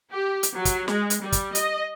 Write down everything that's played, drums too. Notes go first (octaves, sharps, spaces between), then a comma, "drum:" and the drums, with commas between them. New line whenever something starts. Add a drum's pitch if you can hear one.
G4
drum: hi-hat
F#3
drum: kick, hi-hat
G#3, drum: snare
drum: hi-hat
G3
drum: kick, hi-hat
D#5, drum: hi-hat